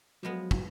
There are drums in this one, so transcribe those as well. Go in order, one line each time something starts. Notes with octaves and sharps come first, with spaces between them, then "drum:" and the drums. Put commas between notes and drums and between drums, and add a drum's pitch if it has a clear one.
F3 F#3 G#3 B3
drum: kick